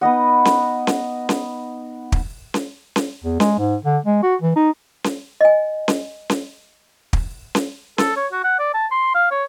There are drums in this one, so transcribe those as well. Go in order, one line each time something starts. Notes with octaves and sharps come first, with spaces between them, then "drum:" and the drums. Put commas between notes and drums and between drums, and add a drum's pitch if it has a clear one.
B3 D#4 D#5 F#5
drum: snare C#4
drum: snare C#4
drum: snare C#4
drum: kick
drum: snare C#4
drum: snare C#4
E2
G#3, drum: snare C#4
G#2
D3
G#3
F#4
E3
D#4
drum: snare C#4
D#5 G#5
drum: snare C#4
drum: snare C#4
drum: kick
drum: snare C#4
A4, drum: snare C#4
C#5
F#4
F#5
D5
A5
C6
F5
C#5